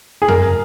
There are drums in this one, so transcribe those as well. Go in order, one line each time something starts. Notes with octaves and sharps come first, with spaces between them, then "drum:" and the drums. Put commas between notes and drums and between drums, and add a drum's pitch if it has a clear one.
G#4
A#4, drum: tom F2